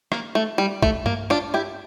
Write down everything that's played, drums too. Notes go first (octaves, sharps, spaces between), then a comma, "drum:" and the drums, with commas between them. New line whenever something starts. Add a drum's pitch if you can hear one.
A#3, drum: rim click
A3
G3
A3, drum: kick A#1
A#3, drum: tom G2
D4 F4
E4 G4